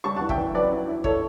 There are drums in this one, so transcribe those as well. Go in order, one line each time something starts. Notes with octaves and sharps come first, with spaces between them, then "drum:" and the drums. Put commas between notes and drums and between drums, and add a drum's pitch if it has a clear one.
G3 A5 C#6
F#5 A5
E3
E5 G5, drum: kick
E3
F#3 B4 D5
E4
E4
E4 A4 C#5, drum: kick